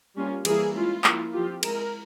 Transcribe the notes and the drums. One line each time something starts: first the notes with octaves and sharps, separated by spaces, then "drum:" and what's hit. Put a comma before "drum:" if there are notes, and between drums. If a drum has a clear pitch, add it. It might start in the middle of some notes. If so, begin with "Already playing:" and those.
G3 A#3 C#4 F4
E3 G3 A#3 E4 G#4, drum: cymbal
G#3 C#4 E4 F4
F3 A#3 E4, drum: clap
F3 C4 F4 G4
G#3 E4 A#4, drum: cymbal